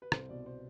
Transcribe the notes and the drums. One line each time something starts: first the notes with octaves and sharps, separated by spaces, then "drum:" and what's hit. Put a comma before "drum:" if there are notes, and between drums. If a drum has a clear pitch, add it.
B4
C2 C5, drum: rim click
B2 D5
C5